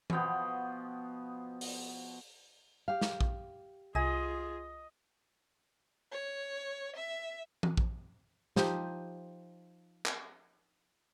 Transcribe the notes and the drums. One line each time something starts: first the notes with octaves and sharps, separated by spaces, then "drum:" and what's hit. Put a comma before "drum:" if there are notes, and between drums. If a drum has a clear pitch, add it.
B2 F3 B3 G5, drum: tom E3
drum: open hi-hat
G4 F5
drum: snare
drum: kick A#1
C2 F4 G#4 D#5 G#5
C#5
E5
drum: tom E3
drum: kick A#1
F3 D#4 G4 C5, drum: snare
drum: clap